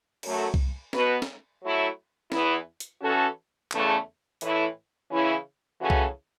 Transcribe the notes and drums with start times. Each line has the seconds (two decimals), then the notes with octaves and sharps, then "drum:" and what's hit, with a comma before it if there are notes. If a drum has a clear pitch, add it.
0.23 F#2 F#3 A3, drum: cymbal
0.54 drum: kick C2
0.93 B2 B3 F#4 B4, drum: snare
1.22 drum: snare
1.62 F#3 A3 E4
2.32 E2 E3 B3 E4, drum: snare
2.80 drum: hi-hat
3.02 E3 C#4 F#4 A4
3.71 E2 C#3 E3 A3, drum: clap
4.41 A2 E3 A3 E4, drum: hi-hat
5.10 C#3 E3 C#4 E4
5.80 C#3 E3 C#4 F#4 A4
5.90 drum: kick C2